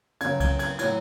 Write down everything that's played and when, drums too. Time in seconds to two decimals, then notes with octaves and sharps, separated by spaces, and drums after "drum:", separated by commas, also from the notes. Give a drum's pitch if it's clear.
0.21 C#3 F#3 G#6, drum: cymbal
0.40 G#6, drum: kick, cymbal
0.59 G#6, drum: cymbal
0.79 A2 F#3 G#6, drum: cymbal